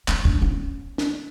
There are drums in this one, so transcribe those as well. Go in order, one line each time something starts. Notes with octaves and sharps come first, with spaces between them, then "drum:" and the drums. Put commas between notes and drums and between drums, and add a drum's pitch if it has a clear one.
C#4, drum: clap
D4, drum: kick
C#4
drum: snare